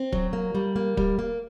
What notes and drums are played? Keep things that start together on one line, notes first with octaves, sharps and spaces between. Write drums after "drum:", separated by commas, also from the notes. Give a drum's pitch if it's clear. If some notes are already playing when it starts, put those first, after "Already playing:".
Already playing: C4
F#3, drum: kick
A#3
G3
A#3
G3, drum: kick
A#3